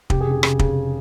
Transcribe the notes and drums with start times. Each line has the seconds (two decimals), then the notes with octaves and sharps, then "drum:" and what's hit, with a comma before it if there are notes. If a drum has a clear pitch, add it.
0.10 F1 G4, drum: kick
0.21 G#4
0.26 C#3
0.31 G4
0.43 C#3, drum: rim click
0.59 C#3, drum: kick